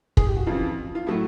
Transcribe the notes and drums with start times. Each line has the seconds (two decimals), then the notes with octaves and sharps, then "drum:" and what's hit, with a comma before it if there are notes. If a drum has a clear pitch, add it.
0.17 G#4, drum: kick
0.27 G4
0.37 F#4
0.47 F2 C#3 E3 F4
0.95 F4
1.07 A2 F#3 A3 E4